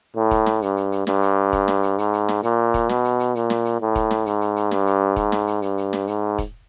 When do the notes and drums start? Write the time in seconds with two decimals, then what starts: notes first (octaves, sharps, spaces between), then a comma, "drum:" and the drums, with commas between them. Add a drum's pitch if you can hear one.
0.17 A2
0.31 drum: kick E1, hi-hat
0.46 drum: snare
0.62 G2, drum: hi-hat
0.77 drum: hi-hat
0.92 drum: hi-hat
1.07 G2, drum: snare
1.22 drum: hi-hat
1.53 drum: kick E1, hi-hat
1.68 drum: snare
1.83 drum: hi-hat
1.98 G#2, drum: hi-hat
2.13 drum: hi-hat
2.29 drum: snare
2.43 A#2, drum: hi-hat
2.74 drum: kick E1, hi-hat
2.89 B2, drum: snare
3.04 drum: hi-hat
3.20 drum: hi-hat
3.35 A#2, drum: hi-hat
3.50 drum: snare
3.65 drum: hi-hat
3.81 A2
3.96 drum: kick E1, hi-hat
4.11 drum: snare
4.26 G#2, drum: hi-hat
4.41 drum: hi-hat
4.56 drum: hi-hat
4.71 G2, drum: snare
4.87 drum: hi-hat
5.16 G#2, drum: kick E1, hi-hat
5.32 drum: snare
5.47 drum: hi-hat
5.62 G2, drum: hi-hat
5.78 drum: hi-hat
5.93 drum: snare
6.08 G#2, drum: hi-hat
6.38 drum: kick E1, hi-hat